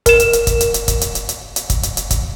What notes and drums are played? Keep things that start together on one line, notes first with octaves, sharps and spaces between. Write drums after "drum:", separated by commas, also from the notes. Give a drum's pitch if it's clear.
A#4 E7, drum: kick, hi-hat
drum: hi-hat
drum: hi-hat
drum: kick, hi-hat
drum: hi-hat
drum: hi-hat
drum: kick, hi-hat
drum: hi-hat
drum: hi-hat
drum: hi-hat
drum: hi-hat
drum: kick, hi-hat
drum: hi-hat
drum: hi-hat
drum: kick, hi-hat